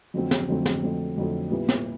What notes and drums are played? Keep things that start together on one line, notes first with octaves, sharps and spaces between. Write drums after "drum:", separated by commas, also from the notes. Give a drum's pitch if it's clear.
F2 D3 F#3 A3 C4
drum: snare
F2 D3 F#3 A3 C4
drum: snare
F2 D3 F#3 A3 C4
F2 D3 F#3 A3 C4
A#2 G3 B3 E4
drum: snare